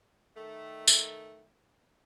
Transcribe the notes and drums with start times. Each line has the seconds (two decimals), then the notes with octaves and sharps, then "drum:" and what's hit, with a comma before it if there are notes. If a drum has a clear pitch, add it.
0.36 D#3 A3
0.88 drum: tambourine